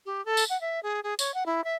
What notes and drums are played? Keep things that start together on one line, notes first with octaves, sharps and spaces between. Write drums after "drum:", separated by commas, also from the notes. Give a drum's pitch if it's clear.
G4
A4
drum: tambourine
F#5
E5
G#4
G#4
C#5, drum: tambourine
F#5
E4
E5